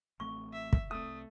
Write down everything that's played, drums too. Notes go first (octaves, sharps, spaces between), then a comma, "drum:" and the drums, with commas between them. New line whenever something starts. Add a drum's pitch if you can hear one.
A1 A3 C4 C#6
E5
drum: kick
C2 A3 C4 D#6